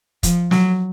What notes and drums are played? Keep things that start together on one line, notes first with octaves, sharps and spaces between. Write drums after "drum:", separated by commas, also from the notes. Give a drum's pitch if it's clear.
F3, drum: kick, hi-hat
F#3, drum: snare